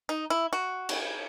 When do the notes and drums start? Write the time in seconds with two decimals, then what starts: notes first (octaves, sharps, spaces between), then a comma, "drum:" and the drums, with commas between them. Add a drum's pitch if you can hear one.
0.09 D#4
0.30 E4
0.53 F#4
0.89 drum: cymbal